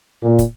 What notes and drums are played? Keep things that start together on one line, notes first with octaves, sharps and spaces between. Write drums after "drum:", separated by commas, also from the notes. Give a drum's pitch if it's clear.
A#2
drum: kick, hi-hat